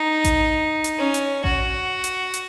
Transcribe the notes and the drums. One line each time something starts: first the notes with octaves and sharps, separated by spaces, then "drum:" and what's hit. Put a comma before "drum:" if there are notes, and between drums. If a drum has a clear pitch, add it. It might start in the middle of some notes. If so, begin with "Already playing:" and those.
Already playing: D#4
drum: kick A1, hi-hat
drum: hi-hat
C#4
drum: hi-hat
F#4, drum: kick A1
drum: hi-hat
drum: hi-hat